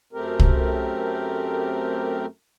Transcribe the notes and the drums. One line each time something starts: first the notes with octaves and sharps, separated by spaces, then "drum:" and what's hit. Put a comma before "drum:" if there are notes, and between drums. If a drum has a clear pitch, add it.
F#2 A3 C4 G4 A#4
drum: kick